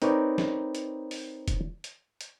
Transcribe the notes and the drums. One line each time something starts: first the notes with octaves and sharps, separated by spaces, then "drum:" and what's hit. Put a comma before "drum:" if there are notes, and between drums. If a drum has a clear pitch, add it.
C4 D#4 A#4 B4 C#5 D5, drum: hi-hat
drum: snare
drum: hi-hat
drum: open hi-hat
drum: kick E1, hi-hat
drum: hi-hat
drum: hi-hat